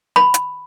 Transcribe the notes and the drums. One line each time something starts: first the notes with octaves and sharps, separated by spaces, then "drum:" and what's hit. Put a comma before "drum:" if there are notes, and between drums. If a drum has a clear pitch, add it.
B5
drum: hi-hat